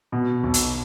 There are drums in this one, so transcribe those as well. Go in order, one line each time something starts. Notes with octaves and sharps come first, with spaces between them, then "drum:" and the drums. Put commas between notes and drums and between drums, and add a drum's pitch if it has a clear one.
B2
B1
drum: hi-hat